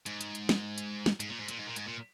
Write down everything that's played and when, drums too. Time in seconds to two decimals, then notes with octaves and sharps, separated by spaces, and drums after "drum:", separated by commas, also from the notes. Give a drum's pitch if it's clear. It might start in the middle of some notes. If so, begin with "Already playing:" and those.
0.06 G#2, drum: hi-hat
0.21 drum: hi-hat
0.35 drum: hi-hat
0.49 drum: snare
0.78 drum: hi-hat
1.06 drum: snare
1.20 G#2, drum: hi-hat
1.30 A#2
1.39 G#2
1.48 A#2, drum: hi-hat
1.58 G#2
1.67 A#2
1.76 G#2, drum: hi-hat
1.86 A#2